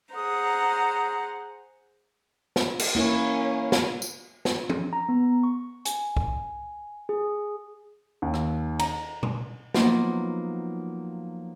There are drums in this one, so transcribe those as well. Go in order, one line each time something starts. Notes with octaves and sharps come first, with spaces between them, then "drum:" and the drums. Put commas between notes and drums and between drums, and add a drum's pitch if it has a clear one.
G#4 C5 F#5 A#5 D#6
drum: snare
drum: cymbal
A#3 C#4 E4
drum: snare
drum: tambourine
drum: snare
drum: tom
A#5
B3
C#6
G#5, drum: hi-hat
drum: kick
G#4
D#2
drum: rim click
A#5, drum: cymbal
drum: tom A#2
F3 F#3 A#3 B3 D#4, drum: snare